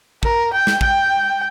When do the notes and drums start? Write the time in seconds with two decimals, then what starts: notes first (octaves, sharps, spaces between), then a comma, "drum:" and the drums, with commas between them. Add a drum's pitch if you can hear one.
0.23 A#4, drum: kick
0.53 G5
0.67 drum: snare
0.81 G5, drum: kick